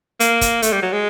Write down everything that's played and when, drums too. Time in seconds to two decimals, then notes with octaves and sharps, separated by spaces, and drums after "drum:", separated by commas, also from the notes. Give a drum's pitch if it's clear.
0.20 A#3, drum: hi-hat
0.41 drum: kick, hi-hat
0.62 A3, drum: hi-hat
0.73 G3
0.82 F#3
0.93 G#3